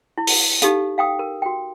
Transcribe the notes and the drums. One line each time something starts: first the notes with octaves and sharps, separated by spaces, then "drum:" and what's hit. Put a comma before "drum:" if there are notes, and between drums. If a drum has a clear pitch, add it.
E4
drum: open hi-hat
D#4 G4 A4 F5, drum: hi-hat
F5 G5 D#6
A#4
F#4 G5